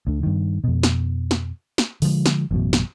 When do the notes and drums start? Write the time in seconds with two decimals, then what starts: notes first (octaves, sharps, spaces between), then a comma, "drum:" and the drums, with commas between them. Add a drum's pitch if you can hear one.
0.07 D2 D3
0.23 G2 D#3
0.64 F2 B2
0.83 drum: snare
1.31 drum: snare
1.78 drum: snare
2.02 D3 F3 G#3, drum: open hi-hat
2.26 drum: snare
2.51 A1 F#2 B2
2.73 drum: snare